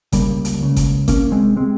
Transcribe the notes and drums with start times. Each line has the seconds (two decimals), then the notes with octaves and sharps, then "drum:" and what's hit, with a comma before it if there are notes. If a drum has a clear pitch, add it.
0.12 C#2 C#3 G3 A#3, drum: kick G1, hi-hat
0.45 drum: hi-hat
0.60 C#2 C#3
0.76 drum: kick G1, hi-hat
1.08 C2 C3 A#3 C#4, drum: kick G1, hi-hat
1.32 G#3 C4
1.57 C3 G#3 C4